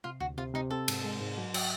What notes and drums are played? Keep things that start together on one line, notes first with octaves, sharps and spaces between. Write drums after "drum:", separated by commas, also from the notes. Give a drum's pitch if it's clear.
C3 F4
D2 F#4
C3 F4
C3 D#4
C4 A4
G#2, drum: cymbal
G#3
G#2
F#3
F#3, drum: cymbal